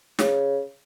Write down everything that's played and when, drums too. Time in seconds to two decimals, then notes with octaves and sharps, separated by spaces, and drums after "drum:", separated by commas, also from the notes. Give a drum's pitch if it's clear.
0.19 C#3, drum: snare